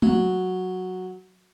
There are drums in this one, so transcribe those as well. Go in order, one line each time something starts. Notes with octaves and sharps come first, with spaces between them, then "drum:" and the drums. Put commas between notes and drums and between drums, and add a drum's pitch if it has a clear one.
F#3, drum: tom G#3